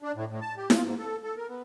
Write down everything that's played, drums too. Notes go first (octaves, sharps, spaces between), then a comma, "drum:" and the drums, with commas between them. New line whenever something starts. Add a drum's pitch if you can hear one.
D4
A2
A2
A5
G4
F4, drum: snare E4
G#2
A4
A4
A#4
B3